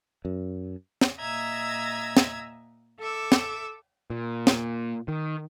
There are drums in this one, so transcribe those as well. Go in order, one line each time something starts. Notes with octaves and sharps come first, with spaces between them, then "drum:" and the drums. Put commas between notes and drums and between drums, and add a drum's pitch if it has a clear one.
F#2
drum: snare
A#2 D#5 E5 A#5 E6 G#6
drum: snare
A4 E5 D6 E6
drum: snare
A#2
drum: snare
D#3